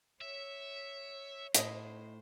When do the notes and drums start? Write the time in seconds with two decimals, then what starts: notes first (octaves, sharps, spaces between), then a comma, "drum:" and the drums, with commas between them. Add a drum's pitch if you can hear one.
0.21 C#5 E5
1.55 A2 C5 D#5, drum: hi-hat